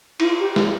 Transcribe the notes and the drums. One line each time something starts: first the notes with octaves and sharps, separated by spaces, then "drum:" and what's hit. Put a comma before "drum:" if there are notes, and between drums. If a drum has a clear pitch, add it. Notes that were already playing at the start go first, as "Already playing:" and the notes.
E4, drum: cymbal
F4
G4
G4, drum: snare